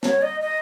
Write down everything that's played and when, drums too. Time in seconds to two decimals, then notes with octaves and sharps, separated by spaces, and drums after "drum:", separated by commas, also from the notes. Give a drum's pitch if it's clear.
0.03 C#5, drum: snare
0.22 D#5
0.41 D#5